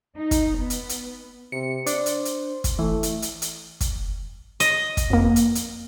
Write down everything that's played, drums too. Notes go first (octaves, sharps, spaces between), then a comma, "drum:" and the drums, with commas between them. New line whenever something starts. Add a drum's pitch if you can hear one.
D#4
drum: kick, hi-hat
B3
drum: hi-hat
drum: hi-hat
C3 C#7
D4 C5, drum: hi-hat
drum: hi-hat
drum: hi-hat
drum: kick, hi-hat
E3 A3
drum: hi-hat
drum: hi-hat
drum: hi-hat
drum: kick, hi-hat
D#5, drum: hi-hat
drum: kick, hi-hat
F2 A#3
drum: hi-hat
drum: hi-hat